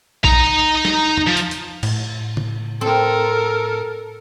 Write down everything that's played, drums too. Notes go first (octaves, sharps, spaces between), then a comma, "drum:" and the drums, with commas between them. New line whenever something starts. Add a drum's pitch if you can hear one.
D#4 A#5, drum: kick A#1
drum: snare
drum: tom
F3
drum: hi-hat
drum: hi-hat
A2, drum: cymbal
drum: tom
C4 A4 A#4